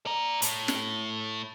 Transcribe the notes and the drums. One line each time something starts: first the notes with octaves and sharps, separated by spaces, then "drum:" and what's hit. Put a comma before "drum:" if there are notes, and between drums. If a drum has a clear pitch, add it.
D5 A#5
A2, drum: hi-hat
drum: snare